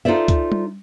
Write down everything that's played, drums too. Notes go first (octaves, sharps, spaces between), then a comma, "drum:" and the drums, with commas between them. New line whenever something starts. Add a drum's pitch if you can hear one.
D#4 F4 A4 C5 D5 E5
drum: kick, hi-hat
drum: tom G3